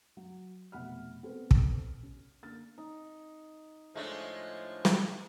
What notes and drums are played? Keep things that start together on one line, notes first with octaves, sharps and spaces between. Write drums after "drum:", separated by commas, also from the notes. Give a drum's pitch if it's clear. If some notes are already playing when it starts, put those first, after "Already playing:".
F#3
F1 B2 E5 F#5 B5 F6
B3 C4 A4 B4 C5
drum: kick
C#4
D3 A#3 F6 A6
D#4
A2 F3 G#3 A3 D4 C#5
drum: snare